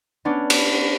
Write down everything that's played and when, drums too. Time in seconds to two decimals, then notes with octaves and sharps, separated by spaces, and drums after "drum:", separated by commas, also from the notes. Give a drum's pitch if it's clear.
0.25 B3 C#4 D4
0.50 drum: cymbal